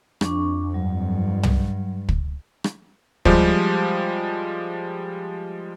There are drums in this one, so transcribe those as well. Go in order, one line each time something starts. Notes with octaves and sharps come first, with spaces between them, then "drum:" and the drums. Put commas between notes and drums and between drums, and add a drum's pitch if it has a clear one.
F2 D4 C#6, drum: rim click
G2 F#3
drum: tom
drum: kick
drum: rim click
F3 G3 G#3 G4, drum: kick